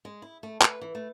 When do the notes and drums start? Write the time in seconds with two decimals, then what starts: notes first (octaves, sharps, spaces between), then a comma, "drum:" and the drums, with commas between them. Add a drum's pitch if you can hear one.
0.05 G#3
0.22 E4
0.43 A3
0.62 B4, drum: clap
0.81 E3
0.95 A3